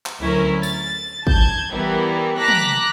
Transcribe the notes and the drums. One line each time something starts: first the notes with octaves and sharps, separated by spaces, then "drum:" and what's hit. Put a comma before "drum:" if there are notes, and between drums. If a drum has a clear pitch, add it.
drum: clap
D2 F#3 C#4 E4 A#4
A6, drum: tambourine
A5 G6 G#6, drum: kick
E3 G3 B3 E4 A#4
A5 A#5 D6 F#6 A#6 B6
drum: tom